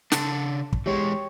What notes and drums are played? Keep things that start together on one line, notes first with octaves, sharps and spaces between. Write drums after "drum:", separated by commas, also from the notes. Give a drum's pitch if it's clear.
C#3 D4 A5, drum: snare
drum: kick
E3 G#3 G4 C#5